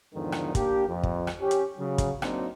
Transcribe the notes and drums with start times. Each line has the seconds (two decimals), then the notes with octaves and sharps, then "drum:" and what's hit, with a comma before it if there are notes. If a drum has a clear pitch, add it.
0.14 E2 G#2 D3 D#3 F3
0.32 drum: rim click
0.55 A#3 D4 G4, drum: kick, hi-hat
0.87 F2
1.03 drum: kick
1.27 drum: rim click
1.40 C#4 G4
1.51 drum: hi-hat
1.78 C#3 F#3
1.98 drum: kick, hi-hat
2.22 F#3 A#3 C4 D4 D#4, drum: rim click